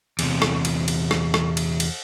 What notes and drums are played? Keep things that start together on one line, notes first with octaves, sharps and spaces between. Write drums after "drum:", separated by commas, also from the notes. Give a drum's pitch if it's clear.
E2 C3, drum: cymbal
drum: rim click
drum: cymbal
drum: cymbal
drum: rim click
drum: rim click
drum: cymbal
drum: cymbal